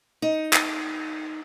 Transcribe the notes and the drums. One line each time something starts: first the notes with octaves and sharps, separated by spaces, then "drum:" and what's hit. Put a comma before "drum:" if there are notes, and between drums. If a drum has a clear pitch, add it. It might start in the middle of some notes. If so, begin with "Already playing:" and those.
D#4
drum: clap